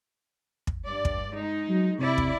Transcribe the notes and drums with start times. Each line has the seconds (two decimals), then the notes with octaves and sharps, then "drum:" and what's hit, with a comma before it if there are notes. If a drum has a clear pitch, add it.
0.67 drum: kick
0.85 G2 D5
1.05 drum: kick
1.33 G#3 D#4
1.69 F#3
1.99 C3 E4 D5
2.18 drum: kick